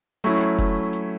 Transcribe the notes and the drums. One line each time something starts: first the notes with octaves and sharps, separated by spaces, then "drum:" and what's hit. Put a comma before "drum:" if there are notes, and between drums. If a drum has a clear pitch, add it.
F#3 A3 C#4 E4, drum: hi-hat
drum: kick F1, hi-hat
drum: hi-hat